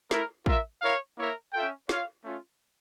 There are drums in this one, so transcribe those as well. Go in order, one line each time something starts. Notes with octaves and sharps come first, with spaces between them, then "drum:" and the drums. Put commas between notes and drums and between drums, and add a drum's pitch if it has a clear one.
A3 E4 A#4, drum: snare
F4 A#4 E5, drum: kick
E4 A#4 C#5 F5
A#3 E4 A#4 C#5 E5
C#4 F4 A4 E5 G5
F4 C#5 F5, drum: snare
A3 C#4 F4